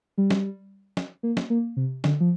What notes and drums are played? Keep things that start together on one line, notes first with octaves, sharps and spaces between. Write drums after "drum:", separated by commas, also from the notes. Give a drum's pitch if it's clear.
G3
drum: snare
drum: snare
A#3
drum: snare
A#3
C3
D3, drum: snare
F3